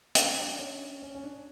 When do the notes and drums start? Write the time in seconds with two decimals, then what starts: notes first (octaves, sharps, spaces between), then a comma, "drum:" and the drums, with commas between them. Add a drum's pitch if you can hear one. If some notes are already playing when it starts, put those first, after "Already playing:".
0.15 D4, drum: hi-hat
0.59 C#4
1.02 C#4
1.15 C#4
1.24 D4